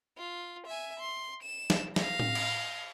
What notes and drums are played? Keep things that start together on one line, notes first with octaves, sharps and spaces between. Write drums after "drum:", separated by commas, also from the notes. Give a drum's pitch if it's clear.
F4
E5 G#5
C6
E7
drum: snare
F5 A#6, drum: snare
drum: tom A2
drum: cymbal